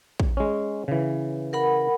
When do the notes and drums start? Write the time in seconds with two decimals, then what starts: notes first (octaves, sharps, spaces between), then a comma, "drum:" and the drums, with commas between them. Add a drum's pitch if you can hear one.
0.20 drum: kick
0.37 G#3 C#4
0.88 C#3 E3
1.53 A#4 F#5 B5